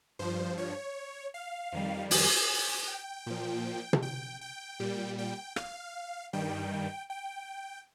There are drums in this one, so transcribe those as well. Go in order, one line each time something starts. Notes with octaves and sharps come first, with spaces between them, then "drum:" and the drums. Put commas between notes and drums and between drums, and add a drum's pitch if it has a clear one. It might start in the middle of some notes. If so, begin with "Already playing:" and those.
G2 F3 C5
C#5
F5
F2 D#3 G3
G#5, drum: open hi-hat
G5
A#2 F3
drum: tom
G5
G5
A#2 G3
G5
F5, drum: rim click
G2 D#3 G3 G5
G5